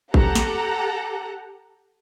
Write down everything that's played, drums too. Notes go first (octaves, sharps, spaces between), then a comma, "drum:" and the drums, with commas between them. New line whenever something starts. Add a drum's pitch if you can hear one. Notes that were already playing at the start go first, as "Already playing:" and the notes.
G4 A4 F#5 A#5, drum: kick A1
drum: snare